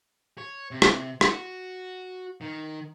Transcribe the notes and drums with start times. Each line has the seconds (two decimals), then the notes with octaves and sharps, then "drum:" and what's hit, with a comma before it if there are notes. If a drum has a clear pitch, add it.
0.38 C#5
0.71 C3
0.82 drum: rim click
1.21 F#4, drum: rim click
2.41 D#3